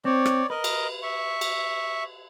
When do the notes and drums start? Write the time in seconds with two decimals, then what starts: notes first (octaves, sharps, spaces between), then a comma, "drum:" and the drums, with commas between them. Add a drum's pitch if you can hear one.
0.05 C4 C#5 D5
0.26 drum: rim click
0.50 A#4 B4 D#5
0.64 drum: cymbal
1.03 E5 C#6
1.41 drum: cymbal